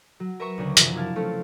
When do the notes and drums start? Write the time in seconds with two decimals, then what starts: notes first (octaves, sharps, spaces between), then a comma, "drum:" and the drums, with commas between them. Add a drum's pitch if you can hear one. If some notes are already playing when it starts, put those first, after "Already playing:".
0.20 F#3
0.40 A#4 B4 E5 A#5 C#6 C#7
0.58 D2 C#3 D4
0.77 F#2 C3 E3 F3, drum: hi-hat
0.95 D4 E4 F5 A5
1.16 A3 C4 C#4 A5